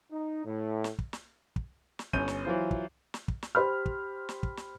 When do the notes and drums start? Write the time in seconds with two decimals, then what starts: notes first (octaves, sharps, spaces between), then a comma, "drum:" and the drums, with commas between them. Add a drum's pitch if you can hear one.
0.11 D#4
0.45 A2
0.84 drum: snare
0.99 drum: kick
1.13 drum: snare
1.56 drum: kick
1.99 drum: snare
2.13 G1 C#4 G6 D#7, drum: kick
2.28 drum: snare
2.45 E3 F#3 F4 C5
2.71 drum: kick
3.14 drum: snare
3.28 drum: kick
3.43 drum: snare
3.55 G4 C5 B5 F6
3.86 drum: kick
4.29 drum: snare
4.43 drum: kick
4.57 drum: snare